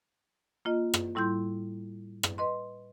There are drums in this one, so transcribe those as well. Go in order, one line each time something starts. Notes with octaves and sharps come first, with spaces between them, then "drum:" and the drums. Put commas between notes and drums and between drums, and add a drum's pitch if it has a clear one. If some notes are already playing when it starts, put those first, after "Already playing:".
A#3 F4 D#5
drum: rim click
A2 G3 E4 C6 G6
drum: rim click
B4 D#5 C6